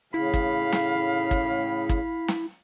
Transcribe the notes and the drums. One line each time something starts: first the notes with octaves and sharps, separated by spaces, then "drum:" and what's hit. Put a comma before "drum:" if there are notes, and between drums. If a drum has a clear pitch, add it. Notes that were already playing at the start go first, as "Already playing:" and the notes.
A2 C#3 E4 F5 B5
drum: kick
drum: snare
drum: kick
drum: kick
drum: snare